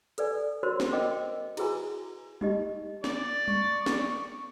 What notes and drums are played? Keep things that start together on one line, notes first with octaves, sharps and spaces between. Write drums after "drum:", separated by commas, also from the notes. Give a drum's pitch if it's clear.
A4 B4 D5 G#5, drum: hi-hat
F#4 A#4 C5 C#5 C6
drum: snare
A#4 D#5 G5 D6
E4 F#4 G#4 B4 G#5 A#5, drum: cymbal
D#4 G4 D#5, drum: tom G3
D5, drum: snare
C#6, drum: tom G3
drum: snare